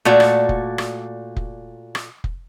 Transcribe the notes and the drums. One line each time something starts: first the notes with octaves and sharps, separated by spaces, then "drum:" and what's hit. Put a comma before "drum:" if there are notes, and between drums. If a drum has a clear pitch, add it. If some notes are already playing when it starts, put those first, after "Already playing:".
A#2 A3 F#4 D5
drum: rim click
drum: kick F1
drum: rim click
drum: kick F1
drum: rim click
drum: kick F1